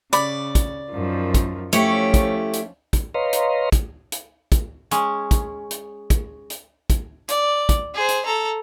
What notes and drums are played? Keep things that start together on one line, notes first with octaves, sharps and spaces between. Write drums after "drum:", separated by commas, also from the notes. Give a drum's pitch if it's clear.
C#3 D5 B5, drum: hi-hat
drum: kick, hi-hat
F#2 D#3 F3
drum: kick, hi-hat
F3 A3 C#4 E4 G4 C#5, drum: hi-hat
drum: kick, hi-hat
drum: hi-hat
drum: kick, hi-hat
B4 C#5 D#5 F5 A#5 C6
drum: hi-hat
drum: kick, hi-hat
drum: hi-hat
drum: kick, hi-hat
G#3 C#4, drum: hi-hat
drum: kick, hi-hat
drum: hi-hat
drum: kick, hi-hat
drum: hi-hat
drum: kick, hi-hat
D5, drum: hi-hat
drum: kick, hi-hat
G#4 C5
drum: hi-hat
A4 A#5